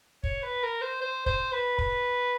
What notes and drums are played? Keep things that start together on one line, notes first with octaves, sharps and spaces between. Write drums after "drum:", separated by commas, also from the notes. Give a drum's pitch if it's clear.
C#5, drum: kick
B4
A#4
C5
C5
C5, drum: kick
B4
B4, drum: kick